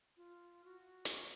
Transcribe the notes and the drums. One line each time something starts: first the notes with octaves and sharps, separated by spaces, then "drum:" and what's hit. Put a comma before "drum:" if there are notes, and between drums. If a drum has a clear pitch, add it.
F4
F#4
drum: hi-hat